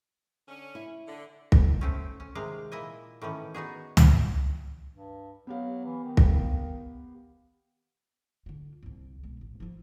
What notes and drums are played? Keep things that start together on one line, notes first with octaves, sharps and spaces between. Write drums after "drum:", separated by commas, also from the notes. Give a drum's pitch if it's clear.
D3 C#4
E4
D3
drum: kick
A3 C4 C#4
C#4
C3 D#3 G#3 F5
A#2 E4 D#5 G#5
A2 D#3 E3 C#4
B3 D#4 F#4 G#4
drum: tom
G2
F#3 B3 G4 F5
E3
D#3
drum: kick
D3 F4
D#1 C2
B1 G#3
A1
F3 F4